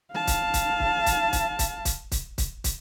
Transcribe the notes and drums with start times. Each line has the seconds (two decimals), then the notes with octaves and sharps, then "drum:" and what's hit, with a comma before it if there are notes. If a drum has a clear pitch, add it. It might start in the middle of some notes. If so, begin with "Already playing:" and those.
0.14 F5 A5
0.27 drum: kick, hi-hat
0.54 drum: kick, hi-hat
0.80 drum: kick
1.06 drum: kick, hi-hat
1.33 drum: kick, hi-hat
1.59 drum: kick, hi-hat
1.85 drum: kick, hi-hat
2.12 drum: kick, hi-hat
2.38 drum: kick, hi-hat
2.64 drum: kick, hi-hat